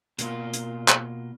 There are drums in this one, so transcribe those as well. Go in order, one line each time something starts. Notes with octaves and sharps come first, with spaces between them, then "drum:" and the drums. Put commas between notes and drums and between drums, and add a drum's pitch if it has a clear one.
B2 A#3 F4, drum: hi-hat
drum: hi-hat
drum: clap